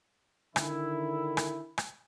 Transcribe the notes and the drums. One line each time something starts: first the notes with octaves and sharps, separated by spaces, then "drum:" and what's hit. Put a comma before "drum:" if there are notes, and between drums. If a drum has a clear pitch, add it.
D3 D#3 E4, drum: rim click
drum: rim click
drum: rim click